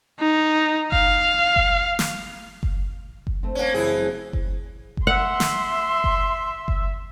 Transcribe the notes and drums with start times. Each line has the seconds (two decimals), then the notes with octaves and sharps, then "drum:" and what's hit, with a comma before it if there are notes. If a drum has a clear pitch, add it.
0.20 D#4
0.92 F5, drum: kick F#1
1.56 drum: kick F#1
1.99 drum: snare
2.63 drum: kick F#1
3.27 drum: kick F#1
3.43 A3 C4
3.55 A#3 C#4
3.74 F#1 E3 E4 G#4
4.33 drum: kick F#1
4.97 drum: kick F#1
5.07 E5 F#5 C6
5.40 drum: snare
6.04 drum: kick F#1
6.68 drum: kick F#1